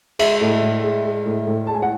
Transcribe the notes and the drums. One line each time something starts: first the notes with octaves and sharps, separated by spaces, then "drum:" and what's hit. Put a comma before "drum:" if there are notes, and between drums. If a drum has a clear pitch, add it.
G#3 E5, drum: cymbal
A2
A2
G#3
G#3
A2
A2
G#3 A5
G#5
F#5